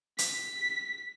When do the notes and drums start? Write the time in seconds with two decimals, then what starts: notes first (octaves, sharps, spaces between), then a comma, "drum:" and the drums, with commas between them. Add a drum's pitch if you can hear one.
0.18 B6, drum: hi-hat